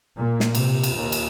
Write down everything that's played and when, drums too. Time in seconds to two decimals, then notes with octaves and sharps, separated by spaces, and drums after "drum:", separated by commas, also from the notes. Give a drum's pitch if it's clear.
0.18 A#2
0.40 drum: snare
0.55 C3, drum: cymbal
0.83 drum: cymbal
0.95 D#2
1.12 drum: cymbal